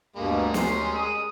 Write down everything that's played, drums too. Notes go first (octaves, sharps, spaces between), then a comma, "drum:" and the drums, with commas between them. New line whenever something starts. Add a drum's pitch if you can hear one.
D2 G2 B2 G3 G#3 A#3 A#4
C#4 C6, drum: snare
G#4 D#6